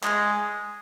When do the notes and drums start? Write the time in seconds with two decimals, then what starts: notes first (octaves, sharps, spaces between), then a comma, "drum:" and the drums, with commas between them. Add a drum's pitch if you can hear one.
0.04 G#3, drum: clap